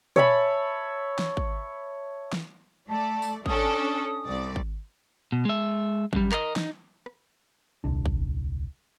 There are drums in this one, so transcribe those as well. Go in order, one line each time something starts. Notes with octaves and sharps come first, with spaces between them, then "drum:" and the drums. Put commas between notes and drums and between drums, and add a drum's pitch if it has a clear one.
C#5 E5 A5 B5, drum: tom
drum: snare
drum: kick
drum: snare
A3 D5 A5
drum: tambourine
C#4 D4 A4 D#6, drum: kick
C2 D5
drum: kick
B2
G#3 E5
F#2 G3, drum: kick
A#4 D#5, drum: clap
D#4, drum: snare
drum: rim click
D#1 C2 D4
drum: kick